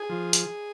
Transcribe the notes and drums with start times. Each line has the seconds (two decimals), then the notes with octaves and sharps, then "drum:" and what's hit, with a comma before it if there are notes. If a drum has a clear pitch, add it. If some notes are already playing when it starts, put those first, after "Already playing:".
Already playing: G#4
0.09 F3
0.33 drum: hi-hat